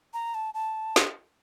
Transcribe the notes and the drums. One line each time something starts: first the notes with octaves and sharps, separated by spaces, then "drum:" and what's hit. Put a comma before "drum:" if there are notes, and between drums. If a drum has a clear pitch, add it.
A#5
A5
A5
drum: snare